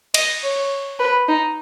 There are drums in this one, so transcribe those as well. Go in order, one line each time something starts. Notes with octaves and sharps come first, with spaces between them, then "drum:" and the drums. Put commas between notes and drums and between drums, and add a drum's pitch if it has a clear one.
D#5, drum: cymbal
C#5
B4
D#4